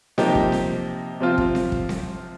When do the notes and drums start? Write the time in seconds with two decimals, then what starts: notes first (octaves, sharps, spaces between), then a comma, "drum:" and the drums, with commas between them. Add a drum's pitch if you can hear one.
0.18 C3 F3 A#3 D#4 G4, drum: snare C4
0.35 drum: kick
0.52 drum: snare C4
1.20 C3 F3 C4 F4
1.38 drum: kick
1.55 drum: snare C4
1.72 drum: kick
1.89 drum: snare C4